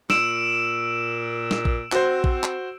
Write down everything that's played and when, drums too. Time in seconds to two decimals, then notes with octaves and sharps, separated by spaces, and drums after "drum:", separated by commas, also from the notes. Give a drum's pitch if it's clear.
0.10 A#2 E6 D7 E7, drum: snare
1.51 drum: snare
1.65 drum: kick A#1
1.92 C4 F#4 C5, drum: clap
2.24 drum: kick A#1
2.44 drum: clap